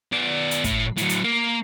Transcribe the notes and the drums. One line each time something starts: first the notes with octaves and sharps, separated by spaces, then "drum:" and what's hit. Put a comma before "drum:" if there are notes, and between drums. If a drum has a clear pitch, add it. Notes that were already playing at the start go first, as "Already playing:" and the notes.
B3 D5
drum: hi-hat
A2, drum: kick, hi-hat
A2 F#3, drum: hi-hat
drum: hi-hat
A#3